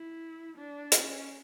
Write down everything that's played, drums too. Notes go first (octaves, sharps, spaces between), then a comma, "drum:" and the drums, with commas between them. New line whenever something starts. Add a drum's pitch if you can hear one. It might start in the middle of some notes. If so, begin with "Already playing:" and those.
Already playing: E4
D4
C#4, drum: hi-hat